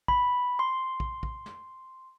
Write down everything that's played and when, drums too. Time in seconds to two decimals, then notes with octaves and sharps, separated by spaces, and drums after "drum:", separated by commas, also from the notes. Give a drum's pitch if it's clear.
0.08 B5, drum: kick
0.59 C6
1.00 drum: kick
1.23 drum: kick
1.46 drum: snare